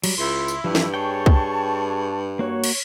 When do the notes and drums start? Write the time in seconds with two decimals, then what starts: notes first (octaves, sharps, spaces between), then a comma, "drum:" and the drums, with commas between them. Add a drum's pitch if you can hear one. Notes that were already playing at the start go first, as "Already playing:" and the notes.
0.04 F#3 G3, drum: cymbal
0.18 C#2 E4 C6
0.48 drum: tambourine
0.64 G2 E3 F3
0.75 drum: snare
0.94 G#4 C#5 G5 A5 C#6
1.26 drum: kick
2.39 A#3 F#4 C#5
2.64 drum: cymbal